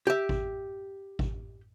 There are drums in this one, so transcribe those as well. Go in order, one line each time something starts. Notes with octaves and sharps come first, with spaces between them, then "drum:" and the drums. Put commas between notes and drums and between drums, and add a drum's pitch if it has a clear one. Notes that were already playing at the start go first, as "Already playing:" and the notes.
G4 E5
drum: kick G#1
drum: kick G#1